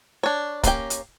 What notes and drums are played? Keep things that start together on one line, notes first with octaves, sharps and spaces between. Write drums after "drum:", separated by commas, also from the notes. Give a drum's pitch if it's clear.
D4 C#5
A#3 C#4 G4 G5, drum: kick C#1, hi-hat
drum: hi-hat